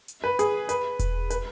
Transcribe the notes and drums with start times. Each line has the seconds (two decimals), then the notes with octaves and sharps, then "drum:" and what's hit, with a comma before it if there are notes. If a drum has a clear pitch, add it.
0.08 drum: hi-hat
0.24 B4
0.39 G#4, drum: hi-hat
0.69 B4, drum: hi-hat
0.99 drum: kick E1, hi-hat
1.30 B4, drum: hi-hat